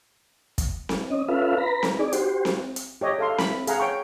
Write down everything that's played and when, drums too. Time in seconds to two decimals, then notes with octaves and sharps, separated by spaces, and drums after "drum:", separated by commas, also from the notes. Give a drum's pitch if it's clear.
0.58 drum: kick, hi-hat
0.89 drum: snare C4
1.10 C#4 D#5
1.28 C#4 F4 A4 B4 E5 F5
1.58 B4 A#5 B5
1.83 drum: snare C4
1.99 D#4 G#4 D5
2.13 F#4 G4 C5, drum: hi-hat
2.45 drum: snare C4
2.76 drum: hi-hat
3.01 G4 C#5 D#5
3.19 A4 F5 C6
3.38 B5, drum: snare C4
3.67 G#4 F5 F#5 A#5, drum: hi-hat
3.80 C#5 G5 C#6